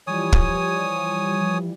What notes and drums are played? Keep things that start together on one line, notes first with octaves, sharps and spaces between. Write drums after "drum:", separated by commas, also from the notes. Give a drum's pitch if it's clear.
E3 F3 G3 C#5 G#5 D#6
drum: kick